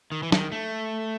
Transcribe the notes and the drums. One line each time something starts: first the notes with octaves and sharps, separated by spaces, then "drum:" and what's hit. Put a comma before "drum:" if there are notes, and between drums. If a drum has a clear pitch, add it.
D#3
E3
D#3, drum: snare
A3